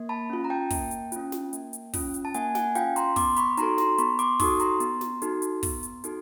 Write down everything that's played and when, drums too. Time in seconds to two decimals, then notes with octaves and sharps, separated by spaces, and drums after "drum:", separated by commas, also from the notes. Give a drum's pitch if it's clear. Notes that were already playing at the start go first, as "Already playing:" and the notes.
Already playing: A#3
0.09 A5 B5
0.30 C#4 F4
0.44 A#5
0.50 G5 A5
0.70 A#3, drum: kick, open hi-hat
0.91 drum: hi-hat
1.12 C#4 F4, drum: hi-hat
1.32 drum: snare
1.53 A#3, drum: hi-hat
1.73 drum: hi-hat
1.94 C#4 F4, drum: kick, open hi-hat
2.14 drum: hi-hat
2.25 A5
2.34 A#3 F#5 G#5, drum: hi-hat
2.55 F#5 G#5, drum: snare
2.75 C#4 F4 F5 G5, drum: hi-hat
2.96 A#5 C6, drum: hi-hat
3.16 B3 C6 D6, drum: kick, open hi-hat
3.37 B5 C#6, drum: hi-hat
3.57 D#4 F#4 A4 A#5 C6, drum: hi-hat
3.78 A#5 C6, drum: snare
3.98 B3 B5 C#6, drum: hi-hat
4.19 C6 D6, drum: hi-hat
4.40 D#4 F#4 A4 C#6 D#6, drum: kick, open hi-hat
4.60 A#5 C6, drum: hi-hat
4.80 B3, drum: hi-hat
5.01 drum: snare
5.22 D#4 F#4 A4, drum: hi-hat
5.42 drum: hi-hat
5.63 B3, drum: kick, open hi-hat
5.83 drum: hi-hat
6.04 D#4 F#4 A4, drum: hi-hat